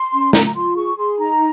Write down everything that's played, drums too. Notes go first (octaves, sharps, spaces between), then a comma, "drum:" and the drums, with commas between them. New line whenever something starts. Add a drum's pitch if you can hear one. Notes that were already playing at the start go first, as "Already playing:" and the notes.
Already playing: C6
C#4
F4 A#5, drum: snare
A#5
F4 C6
G#4 C#6
G#4 C6
D#4 A#5